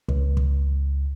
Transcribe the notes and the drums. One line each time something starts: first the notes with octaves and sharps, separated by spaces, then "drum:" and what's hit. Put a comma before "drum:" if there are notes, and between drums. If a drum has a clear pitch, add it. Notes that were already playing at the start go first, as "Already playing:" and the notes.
C#2, drum: kick
drum: kick